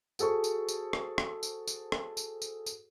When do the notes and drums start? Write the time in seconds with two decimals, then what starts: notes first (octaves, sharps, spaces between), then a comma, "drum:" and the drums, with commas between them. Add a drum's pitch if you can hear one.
0.19 F#4 G#4 A4 C5 C#6, drum: tambourine
0.44 drum: tambourine
0.69 drum: tambourine
0.93 drum: rim click
1.18 drum: rim click
1.43 drum: tambourine
1.67 drum: tambourine
1.92 drum: rim click
2.17 drum: tambourine
2.42 drum: tambourine
2.66 drum: tambourine